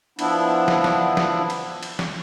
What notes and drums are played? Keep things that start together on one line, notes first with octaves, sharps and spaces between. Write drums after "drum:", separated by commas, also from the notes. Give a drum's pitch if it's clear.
F3 B3 D4 E4, drum: cymbal
drum: snare
drum: snare
drum: snare
drum: cymbal
drum: cymbal
drum: snare